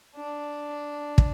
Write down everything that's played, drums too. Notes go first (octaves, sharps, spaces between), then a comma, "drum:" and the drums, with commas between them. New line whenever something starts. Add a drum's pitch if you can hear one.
D4
drum: kick